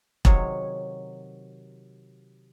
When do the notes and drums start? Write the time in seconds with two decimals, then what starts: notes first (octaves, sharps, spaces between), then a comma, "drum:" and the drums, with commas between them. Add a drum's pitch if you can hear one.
0.25 C3 D#3 F#3 G#4 C#5, drum: kick E1